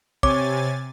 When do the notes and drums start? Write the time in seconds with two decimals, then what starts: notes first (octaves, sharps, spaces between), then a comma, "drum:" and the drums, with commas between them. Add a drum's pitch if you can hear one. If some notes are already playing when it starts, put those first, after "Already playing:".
0.23 C3 C#5 G#5 D6 A6, drum: kick